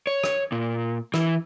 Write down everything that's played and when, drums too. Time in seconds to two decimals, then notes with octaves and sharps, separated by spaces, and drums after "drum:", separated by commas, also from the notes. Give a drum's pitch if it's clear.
0.07 C#5
0.24 drum: rim click
0.52 A#2
1.14 E3, drum: rim click